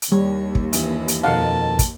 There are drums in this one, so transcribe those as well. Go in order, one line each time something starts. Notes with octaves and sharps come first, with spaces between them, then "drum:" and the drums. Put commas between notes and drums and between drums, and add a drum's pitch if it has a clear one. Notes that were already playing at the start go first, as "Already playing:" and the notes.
drum: hi-hat
D#2 G3 C#5
drum: kick
G2 E3, drum: hi-hat
drum: hi-hat
F2 B2 D#3 F5 F#5 A5
drum: kick, hi-hat